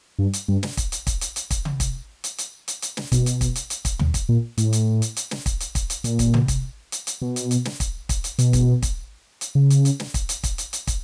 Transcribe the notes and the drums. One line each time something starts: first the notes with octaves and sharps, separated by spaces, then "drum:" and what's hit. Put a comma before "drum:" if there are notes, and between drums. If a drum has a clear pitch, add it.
G2
drum: hi-hat
G2
drum: snare
drum: kick, hi-hat
drum: hi-hat
drum: kick, hi-hat
drum: hi-hat
drum: hi-hat
drum: kick, hi-hat
drum: tom
drum: kick, hi-hat
drum: hi-hat
drum: hi-hat
drum: hi-hat
drum: hi-hat
drum: snare
B2, drum: kick, hi-hat
drum: hi-hat
drum: kick, hi-hat
drum: hi-hat
drum: hi-hat
drum: kick, hi-hat
drum: tom
drum: kick, hi-hat
A#2
A2, drum: hi-hat
drum: hi-hat
drum: hi-hat
drum: hi-hat
drum: snare
drum: kick, hi-hat
drum: hi-hat
drum: kick, hi-hat
drum: hi-hat
A#2, drum: hi-hat
drum: kick, hi-hat
drum: tom
drum: kick, hi-hat
drum: hi-hat
drum: hi-hat
B2
drum: hi-hat
drum: hi-hat
drum: snare
drum: kick, hi-hat
drum: kick, hi-hat
drum: hi-hat
B2, drum: hi-hat
drum: kick, hi-hat
drum: kick, hi-hat
drum: hi-hat
C#3
drum: hi-hat
drum: hi-hat
drum: snare
drum: kick, hi-hat
drum: hi-hat
drum: kick, hi-hat
drum: hi-hat
drum: hi-hat
drum: kick, hi-hat